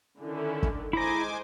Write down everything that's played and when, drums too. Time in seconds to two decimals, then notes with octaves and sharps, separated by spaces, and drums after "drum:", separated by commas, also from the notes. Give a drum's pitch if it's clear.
0.19 D3 D#3 C#4 E4
0.63 drum: kick
0.93 G#3 E4 C5 D#5 G#5 A#5 D6